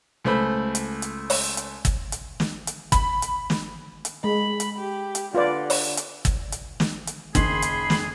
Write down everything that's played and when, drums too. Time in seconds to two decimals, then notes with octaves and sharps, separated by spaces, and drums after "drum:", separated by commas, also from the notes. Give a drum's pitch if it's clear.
0.24 C#2 A3 C5 B5
0.75 drum: hi-hat
1.02 drum: hi-hat
1.30 drum: open hi-hat
1.57 drum: hi-hat
1.85 drum: kick G1, hi-hat
2.12 drum: hi-hat
2.40 drum: snare
2.67 drum: hi-hat
2.92 B5, drum: kick G1, hi-hat
3.22 drum: hi-hat
3.50 drum: snare
4.05 drum: hi-hat
4.24 G#3 B5
4.60 drum: hi-hat
4.79 G4
5.15 drum: hi-hat
5.35 D3 F4 B4 D5
5.70 drum: open hi-hat
5.97 drum: hi-hat
6.25 drum: kick G1, hi-hat
6.52 drum: hi-hat
6.80 drum: snare
7.07 drum: hi-hat
7.35 F#1 D#3 G#4 B5 C6, drum: kick G1, hi-hat
7.62 drum: hi-hat
7.90 drum: snare